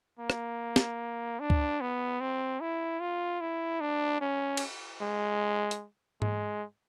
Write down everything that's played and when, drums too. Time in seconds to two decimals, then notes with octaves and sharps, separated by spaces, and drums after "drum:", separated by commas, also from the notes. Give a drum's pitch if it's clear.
0.19 A#3
0.30 drum: rim click
0.76 drum: snare
1.40 D4
1.50 drum: kick C#2
1.81 B3
2.21 C4
2.60 E4
3.00 F4
3.41 E4
3.80 D4
4.21 C#4
4.57 drum: cymbal
5.01 G#3
5.71 drum: hi-hat
6.22 G#3, drum: tom G#2